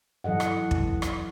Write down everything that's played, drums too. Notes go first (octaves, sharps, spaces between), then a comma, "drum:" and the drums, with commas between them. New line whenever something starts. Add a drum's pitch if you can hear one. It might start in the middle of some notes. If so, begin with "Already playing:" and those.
E3 F#3 A4 D#5 F#5
drum: rim click
drum: kick
drum: rim click